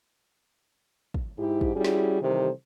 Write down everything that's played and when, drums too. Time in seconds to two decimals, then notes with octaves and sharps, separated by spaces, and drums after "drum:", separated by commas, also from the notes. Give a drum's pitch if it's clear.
1.14 drum: kick
1.38 G#2 E4 G4
1.61 drum: kick
1.75 G3 C#4 E4 F#4 G#4
1.85 drum: snare
2.22 C3 D#3 E3 G3 A4 C5